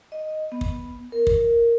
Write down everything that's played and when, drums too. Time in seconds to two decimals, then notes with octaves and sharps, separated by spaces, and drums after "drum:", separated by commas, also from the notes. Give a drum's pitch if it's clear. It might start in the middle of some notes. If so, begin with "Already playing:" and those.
0.12 D#5
0.52 B3
0.61 drum: kick
1.12 A#4
1.27 drum: kick